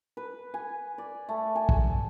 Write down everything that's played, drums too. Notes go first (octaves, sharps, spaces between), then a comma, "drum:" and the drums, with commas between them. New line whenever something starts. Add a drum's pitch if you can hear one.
B4
G#5
D5
A3
G#5
drum: kick